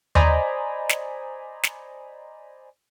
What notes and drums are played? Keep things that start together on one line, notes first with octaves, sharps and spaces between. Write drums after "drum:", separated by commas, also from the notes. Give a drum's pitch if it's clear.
C5 D5 D#5 G#5 A#5 B5, drum: tom D#2
drum: snare
drum: snare